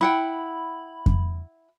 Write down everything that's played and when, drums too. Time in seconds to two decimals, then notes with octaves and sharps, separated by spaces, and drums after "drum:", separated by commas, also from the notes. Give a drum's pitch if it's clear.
0.01 E4 F#5 G5 B5
1.06 drum: kick F2